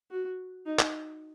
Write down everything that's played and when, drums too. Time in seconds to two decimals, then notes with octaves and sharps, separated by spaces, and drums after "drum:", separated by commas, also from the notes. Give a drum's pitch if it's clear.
0.11 F#4
0.66 D#4
0.79 drum: clap